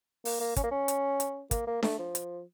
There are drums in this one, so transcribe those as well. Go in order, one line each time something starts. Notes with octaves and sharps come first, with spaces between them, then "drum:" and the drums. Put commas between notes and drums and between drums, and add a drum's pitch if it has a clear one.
A#3, drum: open hi-hat
A#3
C#4, drum: kick, hi-hat
A#3
C#4
drum: hi-hat
drum: hi-hat
A#3, drum: kick, hi-hat
A#3
A3, drum: snare D4
F3
drum: hi-hat